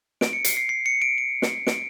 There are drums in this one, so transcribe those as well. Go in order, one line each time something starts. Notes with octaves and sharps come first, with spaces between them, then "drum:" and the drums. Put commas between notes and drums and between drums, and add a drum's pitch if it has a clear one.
D7, drum: snare
C#7
C7, drum: hi-hat
C7
C7
C#7
D7
D7
drum: snare
D7, drum: snare